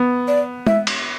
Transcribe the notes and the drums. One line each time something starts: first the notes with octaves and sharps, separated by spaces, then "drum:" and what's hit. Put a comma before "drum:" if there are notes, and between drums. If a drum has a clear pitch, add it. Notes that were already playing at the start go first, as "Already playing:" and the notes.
Already playing: B3
D5
E5, drum: tom G#3
drum: cymbal